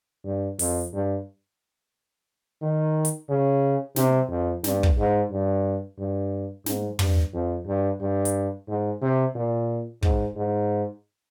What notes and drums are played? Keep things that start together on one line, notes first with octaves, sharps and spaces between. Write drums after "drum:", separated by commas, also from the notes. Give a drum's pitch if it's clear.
G2
F2, drum: open hi-hat
G2
D#3
drum: hi-hat
C#3
C3, drum: snare
F2
G2, drum: snare
drum: kick
G#2
G2
G2
G#2, drum: snare
G2, drum: tom
F2
G2
G2
drum: hi-hat
G#2
C3
A#2
G#2, drum: kick
G#2